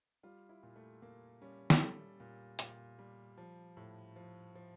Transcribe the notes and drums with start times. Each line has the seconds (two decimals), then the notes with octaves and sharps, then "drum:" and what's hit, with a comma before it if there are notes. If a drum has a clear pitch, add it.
0.23 G3 F4
0.49 E4
0.63 A#2
0.76 A3
1.02 A#2 A#3
1.42 G3 C#4
1.70 drum: snare
1.81 G3 A4
2.20 A#2
2.59 A#2, drum: hi-hat
2.99 G3
3.38 F3
3.77 A2
4.16 F3
4.55 F3